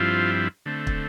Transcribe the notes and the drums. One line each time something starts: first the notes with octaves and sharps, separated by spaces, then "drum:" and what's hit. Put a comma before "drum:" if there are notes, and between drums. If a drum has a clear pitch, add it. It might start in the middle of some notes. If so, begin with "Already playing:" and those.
Already playing: G2 F3 C4 E4 F4
D3 A3 C4
drum: kick